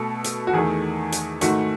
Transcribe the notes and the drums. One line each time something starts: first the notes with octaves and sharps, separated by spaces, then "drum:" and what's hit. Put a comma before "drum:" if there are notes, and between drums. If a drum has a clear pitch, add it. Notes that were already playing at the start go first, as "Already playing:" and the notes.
Already playing: B2 A3 A4
drum: hi-hat
F#4
E2 D#3 A3 G#4
drum: hi-hat
G#2 D#3 A3 F#4, drum: hi-hat